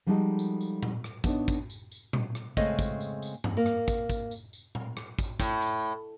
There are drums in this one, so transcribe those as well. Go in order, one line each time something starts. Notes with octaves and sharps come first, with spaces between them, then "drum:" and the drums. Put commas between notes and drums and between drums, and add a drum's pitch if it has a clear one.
F3 G3 G#3 D#4 F#4 A4
drum: tambourine
drum: tambourine
drum: tom A#2
drum: rim click
B3 D4 D#4 C#5, drum: kick, tambourine
drum: kick, tambourine
drum: tambourine
drum: tambourine
drum: tom A#2
drum: rim click
C#3 G#3 A3 C4 D#5, drum: kick, tambourine
drum: kick, tambourine
drum: tambourine
drum: tambourine
drum: tom G2
A#3 A#4
drum: rim click
drum: kick, tambourine
drum: kick, tambourine
drum: tambourine
drum: tambourine
drum: tom A#2
drum: rim click
drum: kick, tambourine
A2, drum: kick, tambourine
drum: tambourine